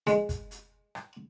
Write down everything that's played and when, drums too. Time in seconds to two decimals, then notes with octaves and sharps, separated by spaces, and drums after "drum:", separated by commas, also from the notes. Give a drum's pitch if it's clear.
0.07 G#3, drum: hi-hat
0.29 drum: kick, hi-hat
0.51 drum: hi-hat
0.95 drum: rim click